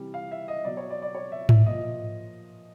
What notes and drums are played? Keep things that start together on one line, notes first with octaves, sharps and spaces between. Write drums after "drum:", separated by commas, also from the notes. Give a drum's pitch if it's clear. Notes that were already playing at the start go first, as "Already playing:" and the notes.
Already playing: C3 E3 G3
F5
E5
D#5
B2 F#3 D5
C#5
D5
D5
C#5
E5
E5, drum: tom G#2
A#2 F3 D#5